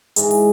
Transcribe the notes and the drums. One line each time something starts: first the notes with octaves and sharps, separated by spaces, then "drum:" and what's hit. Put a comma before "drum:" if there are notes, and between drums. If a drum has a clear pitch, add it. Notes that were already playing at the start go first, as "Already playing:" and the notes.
G#2 E3 G#3, drum: hi-hat
drum: open hi-hat